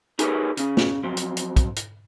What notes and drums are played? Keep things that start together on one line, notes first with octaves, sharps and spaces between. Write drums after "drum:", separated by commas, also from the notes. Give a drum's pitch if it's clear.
D#4 G4 G#4 A#4 B4 C#5, drum: hi-hat
C#3 C#4, drum: hi-hat
drum: snare
F3 F#3 C4
drum: hi-hat
drum: hi-hat
drum: kick, hi-hat
drum: hi-hat